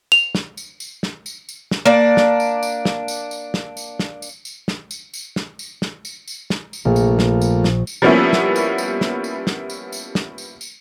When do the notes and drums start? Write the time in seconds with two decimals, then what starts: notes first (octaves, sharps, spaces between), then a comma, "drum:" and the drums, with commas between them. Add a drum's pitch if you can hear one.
0.12 F7, drum: tambourine
0.35 drum: snare
0.57 drum: tambourine
0.80 drum: tambourine
1.03 drum: snare
1.26 drum: tambourine
1.49 drum: tambourine
1.71 drum: snare
1.85 A#3 D4 D5
2.17 drum: snare
2.40 drum: tambourine
2.63 drum: tambourine
2.85 drum: snare
3.08 drum: tambourine
3.31 drum: tambourine
3.54 drum: snare
3.77 drum: tambourine
3.99 drum: snare
4.22 drum: tambourine
4.45 drum: tambourine
4.68 drum: snare
4.91 drum: tambourine
5.14 drum: tambourine
5.36 drum: snare
5.59 drum: tambourine
5.82 drum: snare
6.05 drum: tambourine
6.28 drum: tambourine
6.50 drum: snare
6.73 drum: tambourine
6.85 A#1 A3 A#3 F4
6.96 drum: tambourine
7.19 drum: snare
7.42 drum: tambourine
7.64 drum: snare
7.87 drum: tambourine
8.02 F3 G3 A#3 B3 C#4 E4
8.33 drum: snare
8.56 drum: tambourine
8.78 drum: tambourine
9.01 drum: snare
9.24 drum: tambourine
9.47 drum: snare
9.70 drum: tambourine
9.92 drum: tambourine
10.15 drum: snare
10.38 drum: tambourine
10.61 drum: tambourine